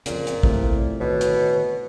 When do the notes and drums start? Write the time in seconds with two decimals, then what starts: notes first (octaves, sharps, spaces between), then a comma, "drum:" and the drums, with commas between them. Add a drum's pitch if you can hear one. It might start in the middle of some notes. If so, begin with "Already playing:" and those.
0.06 F2 A#2 C#3, drum: hi-hat
0.27 drum: hi-hat
0.43 A2 C3, drum: kick
1.00 B2 D#3 B4 C#5
1.21 drum: hi-hat